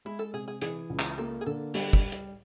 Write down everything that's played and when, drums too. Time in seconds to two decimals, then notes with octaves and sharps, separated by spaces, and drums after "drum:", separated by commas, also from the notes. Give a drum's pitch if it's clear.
0.05 G#3 E4
0.19 A4
0.33 C3 G#4
0.48 G#4
0.61 E3 G#4, drum: hi-hat
0.90 C#2
0.99 drum: clap
1.18 A#3 A4
1.41 G#4
1.46 D3 A4
1.74 G3 A4, drum: open hi-hat
1.93 drum: kick
2.12 drum: hi-hat